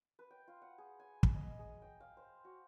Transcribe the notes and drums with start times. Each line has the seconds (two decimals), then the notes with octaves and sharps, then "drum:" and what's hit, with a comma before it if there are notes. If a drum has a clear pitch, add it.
0.19 B4
0.31 G5
0.48 F4
0.62 F#5
0.78 G#4
1.00 G#5
1.23 drum: kick
1.34 D#5
1.59 G#4
1.82 G5
2.00 F5
2.17 C5
2.45 F#4